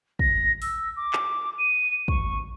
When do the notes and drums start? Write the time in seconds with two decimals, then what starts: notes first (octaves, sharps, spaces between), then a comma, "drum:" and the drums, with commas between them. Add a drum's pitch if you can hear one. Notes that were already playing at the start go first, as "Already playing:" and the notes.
0.19 A#6, drum: kick
0.62 E6, drum: open hi-hat
0.96 D6
1.13 drum: clap
1.58 D#7
2.08 C#6, drum: kick